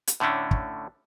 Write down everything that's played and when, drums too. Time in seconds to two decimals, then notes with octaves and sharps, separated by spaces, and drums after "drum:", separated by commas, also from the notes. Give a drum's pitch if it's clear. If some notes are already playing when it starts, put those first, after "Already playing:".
0.07 drum: hi-hat
0.20 A2 D3 A3 C#4 D4
0.51 drum: kick